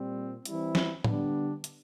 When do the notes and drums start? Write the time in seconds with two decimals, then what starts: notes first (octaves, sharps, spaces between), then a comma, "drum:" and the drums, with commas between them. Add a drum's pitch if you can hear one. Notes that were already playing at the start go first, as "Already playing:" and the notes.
Already playing: A#2 G3 C4
0.45 E3 G3 C4 E4, drum: hi-hat
0.75 drum: snare
1.04 D3 G3 B3 D4, drum: tom
1.64 drum: hi-hat